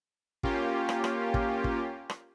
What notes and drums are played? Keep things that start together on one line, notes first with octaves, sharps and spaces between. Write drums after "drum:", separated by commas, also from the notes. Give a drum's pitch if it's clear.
A#3 C#4 F4 G4, drum: kick
drum: rim click
drum: rim click
drum: kick
drum: kick
drum: rim click